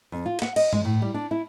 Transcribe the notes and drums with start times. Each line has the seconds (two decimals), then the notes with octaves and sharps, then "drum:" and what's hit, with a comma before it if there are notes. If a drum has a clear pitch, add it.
0.12 F2
0.26 F4
0.42 F#5, drum: snare
0.56 D#5, drum: cymbal
0.73 G#3, drum: tom G2
0.85 A2
1.02 G3
1.14 D4
1.31 E4